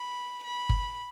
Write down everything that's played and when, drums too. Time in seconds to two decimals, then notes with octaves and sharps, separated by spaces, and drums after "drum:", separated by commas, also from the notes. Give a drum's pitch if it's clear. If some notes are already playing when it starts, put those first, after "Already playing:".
Already playing: B5
0.44 B5
0.69 drum: kick G1